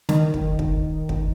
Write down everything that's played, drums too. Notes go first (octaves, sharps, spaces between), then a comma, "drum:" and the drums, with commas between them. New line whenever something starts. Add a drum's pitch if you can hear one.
D#3, drum: snare
drum: kick
drum: kick
drum: kick